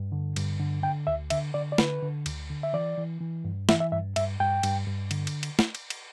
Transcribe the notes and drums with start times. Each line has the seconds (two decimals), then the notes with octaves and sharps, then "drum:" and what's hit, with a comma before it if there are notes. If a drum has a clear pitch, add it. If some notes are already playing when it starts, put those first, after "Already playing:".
Already playing: G2
0.12 D3
0.36 G2, drum: cymbal
0.60 D3
0.83 D3 G5
1.07 D2 E5
1.30 D3 E5, drum: cymbal
1.54 D3 D5
1.72 D5
1.78 D3 B4, drum: snare
2.02 D3
2.26 D2, drum: cymbal
2.50 D3
2.63 E5
2.73 E3 D5
2.97 E3
3.21 E3
3.44 G2
3.69 E3 E5, drum: snare
3.80 E5
3.92 G2 E5
4.16 G2 E5, drum: cymbal
4.40 G2 G5
4.63 G2, drum: cymbal
4.87 G2
5.11 D3, drum: cymbal
5.27 drum: cymbal
5.43 drum: cymbal
5.59 drum: snare
5.75 drum: cymbal
5.90 drum: cymbal